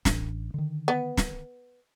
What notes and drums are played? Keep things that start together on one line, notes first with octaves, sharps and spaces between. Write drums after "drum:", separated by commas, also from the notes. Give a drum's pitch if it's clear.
A1 D4, drum: snare
D3 D#3
B3
drum: snare